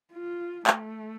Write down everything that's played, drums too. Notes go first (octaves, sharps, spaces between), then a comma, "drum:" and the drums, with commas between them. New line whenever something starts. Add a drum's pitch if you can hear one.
F4
A3, drum: clap